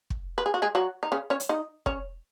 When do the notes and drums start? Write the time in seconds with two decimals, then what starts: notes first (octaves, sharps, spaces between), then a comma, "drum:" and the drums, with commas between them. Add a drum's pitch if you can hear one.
0.10 drum: kick
0.38 B4
0.46 G#4
0.54 F#4
0.62 G#3 G#4
0.75 F#3 F#4
1.03 D#4
1.12 C#3 C#4
1.30 C#4 C#5
1.40 drum: hi-hat
1.49 D#4 D#5
1.86 C#4 C#5, drum: kick